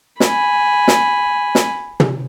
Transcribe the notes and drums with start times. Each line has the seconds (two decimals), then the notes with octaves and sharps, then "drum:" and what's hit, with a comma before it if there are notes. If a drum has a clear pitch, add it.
0.20 G#5 B5, drum: snare
0.88 drum: snare
1.55 drum: snare
2.00 drum: tom